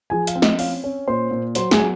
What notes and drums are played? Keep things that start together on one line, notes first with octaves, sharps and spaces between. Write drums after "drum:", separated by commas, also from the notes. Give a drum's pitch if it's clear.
F3 G#4 G#5
F5, drum: hi-hat
C4
D#5, drum: snare
C#4 F5, drum: open hi-hat
C#4
A#2 C5 C6
A#2
F#3 C5 C6, drum: hi-hat
G#4 G#5, drum: snare
F#3